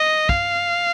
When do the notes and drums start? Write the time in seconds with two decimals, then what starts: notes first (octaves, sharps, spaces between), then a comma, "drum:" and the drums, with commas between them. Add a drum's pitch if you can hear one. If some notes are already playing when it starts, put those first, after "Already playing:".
Already playing: D#5
0.29 F5, drum: kick